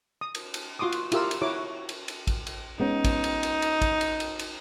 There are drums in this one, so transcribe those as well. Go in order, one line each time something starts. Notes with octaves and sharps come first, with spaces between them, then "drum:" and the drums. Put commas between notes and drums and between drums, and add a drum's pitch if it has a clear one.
D#6
drum: cymbal
drum: cymbal
F4 F#4 C6 D6 D#6
drum: cymbal
E4 F4 G4 A#4 E6, drum: cymbal
drum: cymbal
E4 F#4 C#5 D6
drum: cymbal
drum: cymbal
drum: kick A1, cymbal
drum: cymbal
G#3 B3 C#4 D#4
drum: kick A1, cymbal
drum: cymbal
drum: cymbal
drum: cymbal
drum: kick A1, cymbal
drum: cymbal
drum: cymbal
drum: cymbal